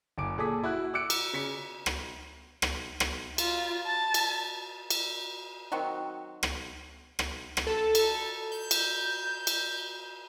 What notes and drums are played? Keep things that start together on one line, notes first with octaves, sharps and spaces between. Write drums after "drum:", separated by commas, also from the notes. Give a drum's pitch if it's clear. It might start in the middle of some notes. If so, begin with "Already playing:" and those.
F#1 G#5 D6 D7
A#2 G#4 A4 D6 D#6 B6
E4 F#4 F#6
D6 E6 F#6 C#7 D7
drum: cymbal
C#3 B6 C#7
drum: rim click
drum: rim click
drum: rim click
F4, drum: cymbal
A5
drum: cymbal
drum: cymbal
D#3 F#3 C4 F#4
drum: rim click
drum: rim click
drum: rim click
A4
drum: cymbal
G6
drum: cymbal
drum: cymbal